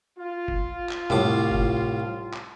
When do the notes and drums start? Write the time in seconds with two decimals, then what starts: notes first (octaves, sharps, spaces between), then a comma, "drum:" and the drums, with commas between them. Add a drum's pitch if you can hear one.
0.19 F4
0.48 drum: kick F#1
0.89 drum: clap
1.10 C2 A2 D6, drum: tom
1.51 drum: kick F#1
2.34 drum: clap